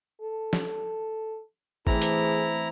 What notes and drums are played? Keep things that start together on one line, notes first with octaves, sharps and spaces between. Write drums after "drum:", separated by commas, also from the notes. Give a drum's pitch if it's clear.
A4
drum: snare
E3 A3 C4 E4 G#4 A5 A#5 D6, drum: kick A1
drum: hi-hat